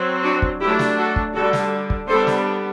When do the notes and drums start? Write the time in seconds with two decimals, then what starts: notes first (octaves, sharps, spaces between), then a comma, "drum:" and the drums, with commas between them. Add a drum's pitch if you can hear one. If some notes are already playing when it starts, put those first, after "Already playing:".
Already playing: F#3 C4
0.23 D4 F#4
0.42 drum: kick
0.60 F#3 A3 D4 E4 G4
0.79 drum: snare
0.98 F#4 A4
1.16 drum: kick
1.34 D3 G3 D4 F#4 A4
1.53 drum: snare
1.90 drum: kick
2.08 G3 B3 D4 A4 C5
2.27 drum: snare